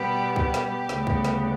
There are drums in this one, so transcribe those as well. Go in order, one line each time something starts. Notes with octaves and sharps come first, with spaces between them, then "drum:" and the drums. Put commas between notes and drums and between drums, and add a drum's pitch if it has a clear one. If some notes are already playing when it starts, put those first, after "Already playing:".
Already playing: B2 G3 B3 G4
G4, drum: kick
drum: snare
D2 C#3 G3 B3, drum: snare
drum: kick
drum: snare